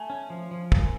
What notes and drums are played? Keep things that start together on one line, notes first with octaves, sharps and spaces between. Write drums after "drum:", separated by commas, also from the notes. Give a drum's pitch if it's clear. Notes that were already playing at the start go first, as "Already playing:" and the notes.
Already playing: A3 G#5
C#4
F3
F3
A#3, drum: kick